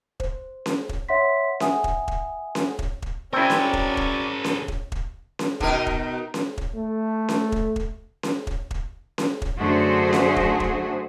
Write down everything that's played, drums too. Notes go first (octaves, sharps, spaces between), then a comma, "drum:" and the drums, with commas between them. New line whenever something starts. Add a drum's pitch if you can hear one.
C5, drum: kick E1
drum: snare C#4
drum: kick E1
C#5 E5 F#5 C6 B6
E5 F#5 G#5 D#6, drum: snare C#4
drum: kick E1
drum: kick E1
drum: snare C#4
drum: kick E1
drum: kick E1
F#3 C4 C#4 E4 G#4 A#4 D5 C#6
drum: snare C#4
drum: kick E1
drum: kick E1
drum: snare C#4
drum: kick E1
drum: kick E1
drum: snare C#4
B2 D#4 A#4, drum: kick E1
drum: kick E1
drum: snare C#4
drum: kick E1
A3
drum: snare C#4
drum: kick E1
drum: kick E1
drum: snare C#4
drum: kick E1
drum: kick E1
drum: snare C#4
drum: kick E1
F#2 D3 A3 F#4 G#4 C5
drum: snare C#4
drum: kick E1
drum: kick E1